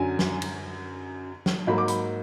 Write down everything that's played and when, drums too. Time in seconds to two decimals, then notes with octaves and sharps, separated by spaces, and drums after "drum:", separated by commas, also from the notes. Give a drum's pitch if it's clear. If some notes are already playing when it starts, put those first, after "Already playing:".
Already playing: F#2 D3 F#3 G#5
0.19 drum: snare
0.42 drum: cymbal
1.46 drum: snare
1.67 G#2 F#3 A#3 B5
1.78 D6
1.88 B5, drum: hi-hat